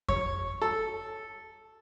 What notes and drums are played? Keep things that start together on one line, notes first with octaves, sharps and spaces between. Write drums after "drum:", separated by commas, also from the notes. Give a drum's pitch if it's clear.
C#5, drum: kick F2
A4